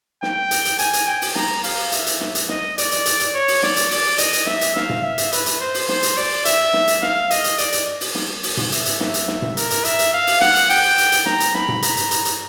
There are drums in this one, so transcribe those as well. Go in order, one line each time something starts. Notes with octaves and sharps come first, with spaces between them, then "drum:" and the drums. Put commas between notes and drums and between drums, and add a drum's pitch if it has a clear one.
G5, drum: snare
drum: hi-hat
drum: hi-hat
G#5, drum: hi-hat
drum: hi-hat
G5
drum: open hi-hat
A#5, drum: snare
F5, drum: open hi-hat
E5, drum: hi-hat
drum: hi-hat
drum: snare
drum: hi-hat
D#5, drum: snare
D5, drum: hi-hat
drum: hi-hat
drum: hi-hat
drum: hi-hat
C#5
drum: open hi-hat
D5, drum: snare
drum: hi-hat
D5, drum: open hi-hat
D#5, drum: hi-hat
drum: hi-hat
E5, drum: snare
drum: hi-hat
F5, drum: snare
drum: tom G#2
E5
drum: hi-hat
B4, drum: hi-hat
drum: hi-hat
C5
drum: open hi-hat
C5, drum: snare
drum: hi-hat
D5, drum: open hi-hat
E5, drum: hi-hat
drum: snare
drum: hi-hat
F5, drum: snare
D#5, drum: hi-hat
drum: hi-hat
D5, drum: hi-hat
drum: hi-hat
drum: open hi-hat
drum: snare
drum: open hi-hat
drum: tom G#2
E5, drum: hi-hat
drum: hi-hat
E5, drum: snare
drum: hi-hat
drum: snare
drum: tom G#2
A#4, drum: hi-hat
drum: hi-hat
E5, drum: hi-hat
drum: hi-hat
F5
drum: open hi-hat
F#5, drum: snare
drum: hi-hat
G5, drum: open hi-hat
drum: hi-hat
drum: hi-hat
A#5, drum: snare
drum: hi-hat
B5, drum: snare
drum: tom G#2
A#5, drum: hi-hat
drum: hi-hat
drum: hi-hat
drum: hi-hat